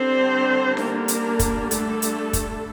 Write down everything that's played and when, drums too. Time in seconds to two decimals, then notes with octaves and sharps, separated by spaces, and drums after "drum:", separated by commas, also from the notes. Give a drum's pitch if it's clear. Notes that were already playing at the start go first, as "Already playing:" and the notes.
Already playing: D3 G3 C4 D4 C5
0.77 A#3 A#4, drum: snare D#4
1.08 drum: hi-hat
1.39 drum: kick, hi-hat
1.71 A3 A4, drum: hi-hat
2.02 drum: hi-hat
2.33 drum: kick, hi-hat